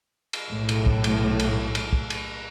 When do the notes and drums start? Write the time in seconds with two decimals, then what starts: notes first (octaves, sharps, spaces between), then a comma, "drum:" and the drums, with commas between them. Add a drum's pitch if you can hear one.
0.33 drum: cymbal
0.51 B1 A2
0.69 drum: cymbal
0.86 drum: kick
1.04 drum: cymbal
1.39 drum: cymbal
1.75 drum: cymbal
1.93 drum: kick
2.10 drum: cymbal